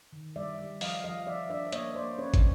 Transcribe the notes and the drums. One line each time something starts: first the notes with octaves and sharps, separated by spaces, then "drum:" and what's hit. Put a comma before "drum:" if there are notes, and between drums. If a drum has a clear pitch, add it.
D#3
G3 D5 E5
G3
F3 D#5 F5, drum: open hi-hat
F3 D#5 F5
F3 D5 E5
D4 D5 E5
E5
A#3 C#5 D#5, drum: hi-hat
A#3 C5 D5
C#4 B4 C#5
drum: kick, hi-hat